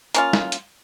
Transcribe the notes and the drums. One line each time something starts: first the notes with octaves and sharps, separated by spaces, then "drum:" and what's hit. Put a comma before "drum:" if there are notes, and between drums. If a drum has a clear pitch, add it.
A#3 C#4 F4, drum: hi-hat
drum: snare
drum: hi-hat